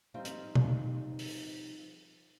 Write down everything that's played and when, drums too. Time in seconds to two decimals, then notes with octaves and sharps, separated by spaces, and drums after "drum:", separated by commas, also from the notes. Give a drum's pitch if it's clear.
0.14 F3 G3 C4 D#4 F5
0.25 drum: hi-hat
0.55 drum: tom
1.19 drum: open hi-hat